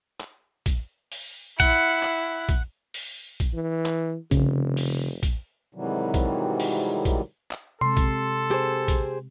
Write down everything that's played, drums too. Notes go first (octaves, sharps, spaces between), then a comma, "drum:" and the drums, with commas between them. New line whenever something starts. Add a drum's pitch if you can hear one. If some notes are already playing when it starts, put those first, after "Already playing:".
drum: clap
drum: kick A#1, hi-hat
drum: open hi-hat
E4 F#5, drum: kick A#1, hi-hat
drum: clap
drum: kick A#1, hi-hat
drum: open hi-hat
drum: kick A#1, hi-hat
E3
drum: clap
F1 C#3, drum: kick A#1, hi-hat
drum: open hi-hat
drum: kick A#1, hi-hat
G#2 C3 D#3 E3 F#3 G3
drum: kick A#1, hi-hat
drum: open hi-hat
drum: kick A#1, hi-hat
drum: clap
C3 G#3 A4 C6
drum: kick A#1, hi-hat
G4 G#4 C5
drum: kick A#1, hi-hat